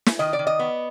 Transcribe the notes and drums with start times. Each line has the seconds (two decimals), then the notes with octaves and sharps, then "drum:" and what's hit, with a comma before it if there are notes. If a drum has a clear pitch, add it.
0.06 drum: snare
0.19 D#3 D#5
0.33 D5
0.39 D#3
0.47 D#5
0.59 B3